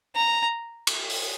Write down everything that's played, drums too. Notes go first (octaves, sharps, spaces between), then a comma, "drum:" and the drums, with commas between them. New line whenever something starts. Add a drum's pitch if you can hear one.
A#5
drum: cymbal
drum: open hi-hat